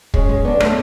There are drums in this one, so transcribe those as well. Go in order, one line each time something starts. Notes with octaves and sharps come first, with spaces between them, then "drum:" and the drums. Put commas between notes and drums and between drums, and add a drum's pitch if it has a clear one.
G#3 C#4, drum: kick
G#3
B3 D4
A3, drum: rim click